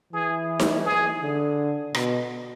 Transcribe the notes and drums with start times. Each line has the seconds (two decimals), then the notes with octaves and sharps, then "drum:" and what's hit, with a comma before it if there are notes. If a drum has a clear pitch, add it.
0.13 E3 G#4
0.60 drum: snare D#4
0.85 G#4
1.22 D3
1.94 B2, drum: rim click